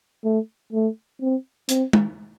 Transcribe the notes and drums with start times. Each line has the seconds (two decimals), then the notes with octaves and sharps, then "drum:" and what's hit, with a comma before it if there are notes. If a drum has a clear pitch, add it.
0.24 A3
0.73 A3
1.21 C4
1.69 C4, drum: hi-hat
1.93 drum: tom G#3